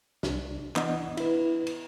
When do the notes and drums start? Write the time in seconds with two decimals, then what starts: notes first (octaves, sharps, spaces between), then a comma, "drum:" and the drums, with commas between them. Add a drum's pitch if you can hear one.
0.23 C2 D4, drum: snare
0.76 E3 B3 D4 D#5 F#5, drum: clap
1.17 E4 B4, drum: cymbal
1.67 drum: cymbal